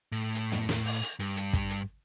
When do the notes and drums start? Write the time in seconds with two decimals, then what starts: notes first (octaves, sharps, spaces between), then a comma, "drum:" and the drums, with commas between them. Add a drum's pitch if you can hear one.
0.12 A2
0.35 drum: hi-hat
0.52 drum: tom
0.69 drum: snare
0.86 drum: open hi-hat
1.03 drum: hi-hat
1.20 G2, drum: hi-hat
1.36 drum: hi-hat
1.53 drum: kick, hi-hat
1.70 drum: hi-hat